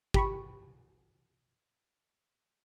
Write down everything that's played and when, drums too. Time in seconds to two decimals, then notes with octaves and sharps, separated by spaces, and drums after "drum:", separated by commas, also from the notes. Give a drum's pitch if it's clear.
0.14 G4 B5 C#6, drum: kick